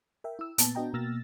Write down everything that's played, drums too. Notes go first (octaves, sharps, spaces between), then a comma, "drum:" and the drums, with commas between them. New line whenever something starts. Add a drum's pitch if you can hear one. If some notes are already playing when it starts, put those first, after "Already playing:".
A#4 E5 G5
E4 E6
A#2 B3 A5, drum: hi-hat
B3 D4 F#4 D#5 G5 A#5
B2 A#3 E6 F6 A6 A#6